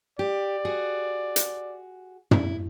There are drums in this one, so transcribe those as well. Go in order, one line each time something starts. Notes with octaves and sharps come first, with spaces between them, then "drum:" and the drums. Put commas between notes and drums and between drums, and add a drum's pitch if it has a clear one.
G4 D5
F#4 G#4
drum: hi-hat
E4, drum: tom